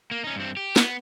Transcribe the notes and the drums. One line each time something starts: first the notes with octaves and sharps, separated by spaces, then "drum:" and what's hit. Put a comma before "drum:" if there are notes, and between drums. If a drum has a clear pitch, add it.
A#3
C#4 D#4
G2 C4
G4
B3, drum: snare